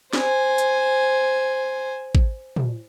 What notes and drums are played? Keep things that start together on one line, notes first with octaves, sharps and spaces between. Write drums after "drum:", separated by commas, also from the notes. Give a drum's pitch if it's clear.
C5 G#5, drum: snare
drum: hi-hat
drum: kick A1
drum: tom